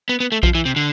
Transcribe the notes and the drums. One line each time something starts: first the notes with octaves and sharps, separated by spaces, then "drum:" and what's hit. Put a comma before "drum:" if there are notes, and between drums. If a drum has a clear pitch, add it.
B3
B3
A3
F3, drum: kick A#1
E3
C3
D3